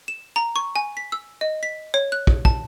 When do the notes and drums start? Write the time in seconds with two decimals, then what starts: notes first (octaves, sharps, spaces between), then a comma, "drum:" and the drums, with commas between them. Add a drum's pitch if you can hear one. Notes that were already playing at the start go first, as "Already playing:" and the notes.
0.08 E7
0.36 A#5
0.56 C#6
0.76 G#5
0.97 B6
1.12 E6
1.41 D#5
1.63 B6
1.94 C#5
2.12 F#6
2.27 drum: kick
2.45 A5, drum: kick